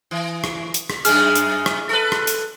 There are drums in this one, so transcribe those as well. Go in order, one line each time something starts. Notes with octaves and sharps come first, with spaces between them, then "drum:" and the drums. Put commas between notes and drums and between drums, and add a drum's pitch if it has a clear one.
E3
drum: rim click
drum: hi-hat
drum: rim click
F#2 G#3 G#4 F6, drum: hi-hat
drum: hi-hat
drum: rim click
A4 B4
drum: rim click
drum: hi-hat